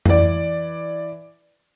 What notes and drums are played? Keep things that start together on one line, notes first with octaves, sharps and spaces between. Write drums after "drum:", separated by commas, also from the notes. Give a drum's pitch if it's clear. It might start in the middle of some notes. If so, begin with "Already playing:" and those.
E3 D5, drum: tom F2